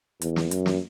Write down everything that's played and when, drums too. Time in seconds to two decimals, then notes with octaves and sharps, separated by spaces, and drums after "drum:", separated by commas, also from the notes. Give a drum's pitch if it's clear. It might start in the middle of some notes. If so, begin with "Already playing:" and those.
0.22 E2, drum: hi-hat
0.36 drum: snare
0.51 F#2, drum: hi-hat
0.66 drum: snare